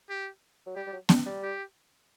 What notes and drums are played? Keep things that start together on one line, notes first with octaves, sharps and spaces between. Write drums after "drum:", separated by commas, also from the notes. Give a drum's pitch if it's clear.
G4
F#3
G3 G4
G3
F#3
G3, drum: snare B3
G3
G4